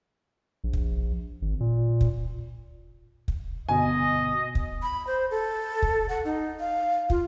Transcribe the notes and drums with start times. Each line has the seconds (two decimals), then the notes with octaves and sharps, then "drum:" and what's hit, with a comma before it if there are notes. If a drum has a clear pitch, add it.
0.64 A#1
0.73 drum: kick
1.42 G#1
1.60 A#2
2.01 drum: kick
3.28 drum: kick
3.69 G1 B2 D#5 G#5
4.55 drum: kick
4.82 B5
5.07 C5
5.31 A4
5.82 drum: kick
6.09 F#5
6.25 D#4
6.60 F5
7.10 F4, drum: kick